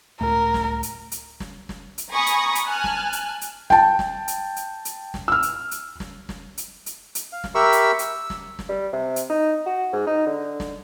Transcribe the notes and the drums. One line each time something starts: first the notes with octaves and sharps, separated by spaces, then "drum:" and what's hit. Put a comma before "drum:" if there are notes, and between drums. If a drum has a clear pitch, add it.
C#2 A2 A3 A#4
drum: snare
drum: hi-hat
drum: hi-hat
drum: snare
drum: snare
drum: hi-hat
G#5 A#5 B5 C#6 D#6
drum: hi-hat
drum: hi-hat
G#5 A5 F6 F#6
drum: snare
drum: hi-hat
drum: hi-hat
G5 A5, drum: snare
drum: snare
drum: hi-hat
drum: hi-hat
drum: hi-hat
drum: snare
E6 F6
drum: hi-hat
drum: hi-hat
drum: snare
drum: snare
drum: hi-hat
drum: hi-hat
drum: hi-hat
F5
drum: snare
G4 A#4 E5 B5 C#6 E6
drum: hi-hat
E6, drum: hi-hat
drum: snare
drum: snare
G3
C3
drum: hi-hat
D#4
F#4
G#2
D#4
D3
drum: snare